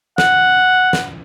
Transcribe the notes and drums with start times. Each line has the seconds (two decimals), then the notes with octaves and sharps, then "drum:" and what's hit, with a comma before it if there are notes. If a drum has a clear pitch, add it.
0.18 F#5, drum: snare
0.93 drum: snare